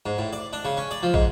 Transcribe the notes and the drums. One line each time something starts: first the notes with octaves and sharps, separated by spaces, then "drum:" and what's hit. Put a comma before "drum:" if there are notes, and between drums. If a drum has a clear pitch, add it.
G#2
A2
D5
D4
C#3
C#4
D5
F3
G#2, drum: kick